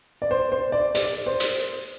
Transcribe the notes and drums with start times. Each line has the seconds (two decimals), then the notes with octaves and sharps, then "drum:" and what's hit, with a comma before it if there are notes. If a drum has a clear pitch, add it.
0.22 D5
0.31 C5
0.52 C5
0.72 D5
0.95 D5, drum: hi-hat
1.26 C5
1.40 drum: hi-hat